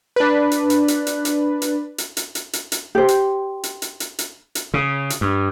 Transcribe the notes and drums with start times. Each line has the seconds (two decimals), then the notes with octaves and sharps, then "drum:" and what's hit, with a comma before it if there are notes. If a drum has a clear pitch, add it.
0.16 D4 B4
0.52 drum: hi-hat
0.70 drum: hi-hat
0.88 drum: hi-hat
1.07 drum: hi-hat
1.25 drum: hi-hat
1.62 drum: hi-hat
1.98 drum: hi-hat
2.17 drum: hi-hat
2.35 drum: hi-hat
2.53 drum: hi-hat
2.72 drum: hi-hat
2.95 G4 C5
3.08 drum: hi-hat
3.63 drum: hi-hat
3.82 drum: hi-hat
4.00 drum: hi-hat
4.19 drum: hi-hat
4.55 drum: hi-hat
4.74 C#3
5.10 drum: hi-hat
5.21 G2